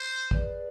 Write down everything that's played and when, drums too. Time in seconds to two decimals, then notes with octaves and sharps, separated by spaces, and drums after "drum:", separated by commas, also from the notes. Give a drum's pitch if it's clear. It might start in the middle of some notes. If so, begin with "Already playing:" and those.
Already playing: C5
0.31 G#4 B4 D5, drum: kick